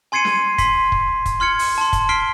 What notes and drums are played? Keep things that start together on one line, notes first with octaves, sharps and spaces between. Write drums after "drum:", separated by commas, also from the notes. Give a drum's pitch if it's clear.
G#5 C6 G#6 C7 C#7 D#7
drum: snare
C6 B6, drum: kick, hi-hat
drum: kick
drum: kick, hi-hat
C6 F6 G#6 C#7
drum: open hi-hat
A5 C6
drum: kick, hi-hat
F6 B6 C7 D7 G7